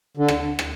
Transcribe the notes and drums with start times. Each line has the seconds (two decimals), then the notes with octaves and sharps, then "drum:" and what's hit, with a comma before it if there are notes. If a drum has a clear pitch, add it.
0.17 D3
0.28 drum: rim click
0.59 drum: rim click